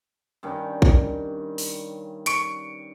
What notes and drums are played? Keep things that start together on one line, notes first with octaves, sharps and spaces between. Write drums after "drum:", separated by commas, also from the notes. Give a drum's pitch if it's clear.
G2 D#3 C#4
drum: kick A#1
drum: open hi-hat
C#6 C#7 D7, drum: hi-hat